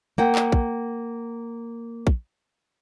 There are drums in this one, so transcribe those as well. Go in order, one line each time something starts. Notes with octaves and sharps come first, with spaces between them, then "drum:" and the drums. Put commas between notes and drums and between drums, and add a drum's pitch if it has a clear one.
A#3 F#5 G5
drum: clap
drum: kick
drum: kick